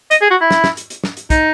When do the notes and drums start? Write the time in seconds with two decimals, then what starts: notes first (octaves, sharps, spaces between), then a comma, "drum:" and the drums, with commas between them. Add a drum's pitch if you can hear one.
0.11 D#5, drum: hi-hat
0.21 G#4
0.31 F#4
0.41 E4
0.51 drum: snare
0.64 drum: snare
0.77 drum: hi-hat
0.90 drum: hi-hat
1.04 drum: snare
1.17 drum: hi-hat
1.30 D#4, drum: kick, hi-hat